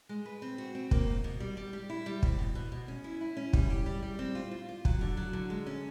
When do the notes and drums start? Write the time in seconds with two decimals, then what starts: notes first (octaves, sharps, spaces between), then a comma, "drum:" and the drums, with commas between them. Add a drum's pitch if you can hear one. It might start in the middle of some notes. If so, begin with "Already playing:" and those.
0.09 G#3
0.26 B4
0.42 C4
0.58 F#4
0.75 C4
0.91 A#3, drum: kick
1.08 D#4
1.24 B2
1.40 G3
1.57 G3
1.73 G4
1.90 E4
2.06 G3
2.23 C4, drum: kick
2.39 B2
2.55 B2
2.72 B2
2.88 C#4
3.04 E4
3.21 E4
3.37 C#4
3.53 G3, drum: kick
3.70 G4
3.86 G3
4.03 G3
4.19 C4
4.35 F4
4.51 F4
4.69 F4
4.85 F#3, drum: kick
5.01 D3
5.17 F#3
5.33 D3
5.50 G#3
5.66 C#4